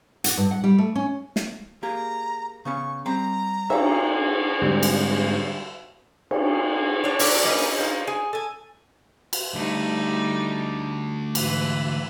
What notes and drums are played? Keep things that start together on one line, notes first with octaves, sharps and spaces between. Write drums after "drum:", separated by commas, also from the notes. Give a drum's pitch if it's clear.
F#5, drum: hi-hat
G2
F#5
G3
A3
C#4
drum: snare
A#3 G4 G#4 A#5
C#3 B3 C#4 C#6
G3 C4 A#5
E5 F5, drum: cymbal
G#2 D3 G3 G#3 C4
drum: cymbal
drum: cymbal
D4 C#5
F#3 D4 E4 D5, drum: open hi-hat
A#3 C#4 D#4 B4
D#4 F4
G#4
A4 G#5
drum: cymbal
D2 G3 A3 D#4
G#2 E3 B4, drum: cymbal